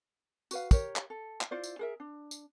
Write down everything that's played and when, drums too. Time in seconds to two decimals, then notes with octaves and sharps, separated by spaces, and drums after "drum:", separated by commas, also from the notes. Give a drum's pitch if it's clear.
0.51 F#4 B4 F5, drum: tambourine
0.71 G4 A#4 C#5, drum: kick, tambourine
0.96 drum: clap
1.10 A4
1.41 drum: clap
1.51 E4 F4 C5 D5
1.64 drum: tambourine
1.79 G#4 A#4 E5
2.00 D4
2.31 drum: tambourine